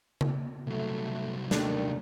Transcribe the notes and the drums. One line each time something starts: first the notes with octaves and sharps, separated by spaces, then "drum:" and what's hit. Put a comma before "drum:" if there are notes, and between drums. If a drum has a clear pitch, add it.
drum: tom C#3
C2 F#3 A3
D#2 D#3 A3 D4, drum: snare